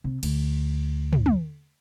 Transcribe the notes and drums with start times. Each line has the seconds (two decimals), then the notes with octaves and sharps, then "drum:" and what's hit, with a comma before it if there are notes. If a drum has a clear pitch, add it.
0.04 C3
0.23 D2, drum: cymbal
1.13 drum: tom
1.26 drum: tom